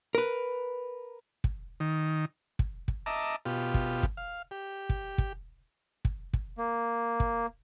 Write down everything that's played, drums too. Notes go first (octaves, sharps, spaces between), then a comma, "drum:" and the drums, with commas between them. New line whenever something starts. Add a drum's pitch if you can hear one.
A#4 B4
drum: kick
D#3
drum: kick
drum: kick
D#5 E5 A5 A#5 D6
B2 F4 G4
drum: kick
drum: kick
F5
G4
drum: kick
drum: kick
drum: kick
drum: kick
A#3
drum: kick